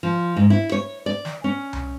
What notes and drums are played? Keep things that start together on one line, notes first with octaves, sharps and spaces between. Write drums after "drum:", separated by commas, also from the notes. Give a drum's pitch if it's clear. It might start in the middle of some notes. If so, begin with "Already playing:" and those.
F3
G#2
E4
C#5
D5
drum: snare
C#4
drum: tom C2